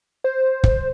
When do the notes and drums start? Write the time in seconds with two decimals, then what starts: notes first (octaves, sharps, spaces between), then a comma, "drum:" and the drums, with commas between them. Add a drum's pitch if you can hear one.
0.24 C5
0.64 drum: kick